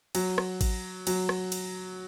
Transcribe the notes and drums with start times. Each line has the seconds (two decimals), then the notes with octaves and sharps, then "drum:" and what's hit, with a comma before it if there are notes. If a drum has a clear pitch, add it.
0.15 F#3, drum: cymbal
0.38 drum: rim click
0.61 drum: kick A1, cymbal
1.07 F#3, drum: cymbal
1.29 drum: rim click
1.52 drum: cymbal